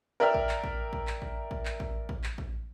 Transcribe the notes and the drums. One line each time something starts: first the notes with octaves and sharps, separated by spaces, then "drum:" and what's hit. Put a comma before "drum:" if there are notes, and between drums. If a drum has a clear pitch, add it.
A#4 D5 E5 G5 F6
drum: kick A1
drum: clap
drum: kick A1
drum: kick A1
drum: clap
drum: kick A1
drum: kick A1
drum: clap
drum: kick A1
drum: kick A1
drum: clap
drum: kick A1